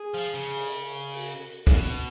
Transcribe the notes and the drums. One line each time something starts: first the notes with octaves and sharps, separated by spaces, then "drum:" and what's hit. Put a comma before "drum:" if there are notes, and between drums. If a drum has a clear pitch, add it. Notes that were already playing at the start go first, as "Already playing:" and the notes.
Already playing: G#4
F3
C#3
drum: open hi-hat
F#4, drum: open hi-hat
C#3, drum: kick
B2 F#4
drum: hi-hat